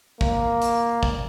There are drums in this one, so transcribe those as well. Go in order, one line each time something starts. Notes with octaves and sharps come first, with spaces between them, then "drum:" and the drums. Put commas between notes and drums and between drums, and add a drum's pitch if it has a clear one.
A#3, drum: kick
drum: hi-hat
drum: kick